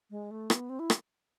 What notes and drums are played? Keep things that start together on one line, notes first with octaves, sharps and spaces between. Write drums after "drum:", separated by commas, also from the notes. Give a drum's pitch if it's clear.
G#3
A3
B3, drum: rim click
C4
E4
drum: rim click